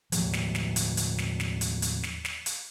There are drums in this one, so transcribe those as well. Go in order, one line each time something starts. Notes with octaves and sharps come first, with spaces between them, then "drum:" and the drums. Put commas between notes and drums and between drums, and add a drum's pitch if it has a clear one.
D#2 A2 F3, drum: hi-hat
drum: snare
drum: snare
drum: hi-hat
drum: hi-hat
drum: snare
drum: snare
drum: hi-hat
drum: hi-hat
drum: snare
drum: snare
drum: hi-hat